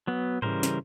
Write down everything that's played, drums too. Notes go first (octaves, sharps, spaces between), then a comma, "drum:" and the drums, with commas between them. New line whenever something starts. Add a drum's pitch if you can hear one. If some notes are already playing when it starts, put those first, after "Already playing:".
F#3 B3
C#3 E3 G3 A#4 C5, drum: tom G#2
drum: snare